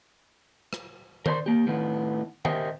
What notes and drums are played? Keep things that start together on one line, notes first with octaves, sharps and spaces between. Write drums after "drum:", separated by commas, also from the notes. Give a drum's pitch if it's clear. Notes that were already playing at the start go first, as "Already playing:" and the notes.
drum: rim click
A#4 C5 D5 B5 C6, drum: tom D#3
A#3 G4
A2 D#3 B3
G4 A#4 C5 D#5 E5 G5, drum: tom D#3